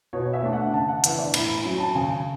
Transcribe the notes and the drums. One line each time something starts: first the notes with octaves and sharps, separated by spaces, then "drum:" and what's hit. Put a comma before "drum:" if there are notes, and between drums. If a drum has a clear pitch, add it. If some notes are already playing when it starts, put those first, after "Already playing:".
B2 C#5
E5
A3 D4
F#5
C#3 A5
F#5
E3 B3 D4 E5, drum: hi-hat
D5
A2 B5, drum: cymbal
B5
F#3 C#4 B5
A5
C#3 G#5